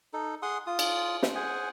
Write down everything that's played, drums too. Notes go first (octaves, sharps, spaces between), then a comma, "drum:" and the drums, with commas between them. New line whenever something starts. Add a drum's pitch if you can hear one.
D#4 A4
G#4 F#5 C6 D#6
F4 D#6
drum: cymbal
drum: snare
G#4 C5 F#5 G#5